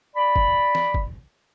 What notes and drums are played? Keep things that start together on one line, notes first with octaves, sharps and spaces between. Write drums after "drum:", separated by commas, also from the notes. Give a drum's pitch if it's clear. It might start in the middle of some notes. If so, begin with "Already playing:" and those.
D5 B5
drum: kick
drum: snare E3
drum: kick